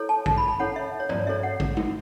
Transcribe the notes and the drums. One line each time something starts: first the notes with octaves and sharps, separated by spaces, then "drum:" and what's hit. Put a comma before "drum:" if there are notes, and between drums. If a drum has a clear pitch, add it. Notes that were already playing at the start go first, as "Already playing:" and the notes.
Already playing: E4 A4 C#5
A5
A5, drum: kick A1
B5
A5
C#4 E4 A4 C#5 F#5
E5
C#5
D5, drum: tom G2
C#4 F#4 A4 C#5 E5
F#5
drum: kick A1
drum: tom G#3